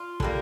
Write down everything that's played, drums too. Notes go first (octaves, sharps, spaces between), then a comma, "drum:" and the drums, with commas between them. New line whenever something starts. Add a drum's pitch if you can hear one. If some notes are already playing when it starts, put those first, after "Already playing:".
Already playing: F4
D3 G3 A#3, drum: kick